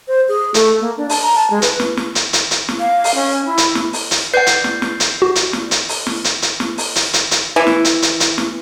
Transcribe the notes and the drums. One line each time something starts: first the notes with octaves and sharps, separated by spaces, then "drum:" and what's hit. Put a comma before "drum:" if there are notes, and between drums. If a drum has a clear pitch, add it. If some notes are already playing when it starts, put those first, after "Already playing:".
C5
G#4
A3, drum: hi-hat
A#3
D4
A5, drum: open hi-hat
A#5
A5
G#3
B4, drum: hi-hat
drum: snare
drum: snare
drum: hi-hat
drum: hi-hat
drum: hi-hat
drum: snare
F5
drum: open hi-hat
C#4
E4
drum: hi-hat
drum: snare
drum: open hi-hat
drum: hi-hat
B4 D5 F#5 G6 C7
drum: hi-hat
drum: snare
drum: snare
drum: hi-hat
F#4
drum: hi-hat
drum: snare
drum: hi-hat
drum: open hi-hat
drum: snare
drum: hi-hat
drum: hi-hat
drum: snare
drum: open hi-hat
drum: hi-hat
drum: hi-hat
drum: hi-hat
E3
drum: snare
drum: hi-hat
drum: hi-hat
drum: hi-hat
drum: snare